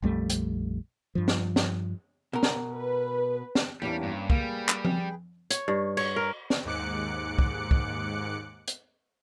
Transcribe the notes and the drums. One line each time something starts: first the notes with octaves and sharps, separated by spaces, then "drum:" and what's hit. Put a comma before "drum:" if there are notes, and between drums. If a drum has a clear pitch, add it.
A#1 F2 G3 A3
drum: hi-hat
G2 F3
drum: snare
drum: snare
B2 A#4
drum: snare
B4
drum: snare
E2 G3 A#3 C#4 D4 G4
G2
G3 A#3 G#4 B4 G5, drum: kick
drum: clap
drum: tom F3
C#5, drum: hi-hat
G2
C#5, drum: cymbal
A#4
drum: snare
D#2 G#2 D6 F#6 C#7
drum: kick
drum: kick
drum: hi-hat